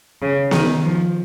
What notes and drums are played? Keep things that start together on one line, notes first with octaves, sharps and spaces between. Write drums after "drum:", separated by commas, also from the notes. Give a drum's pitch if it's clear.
C#3
D#3, drum: snare B3
F3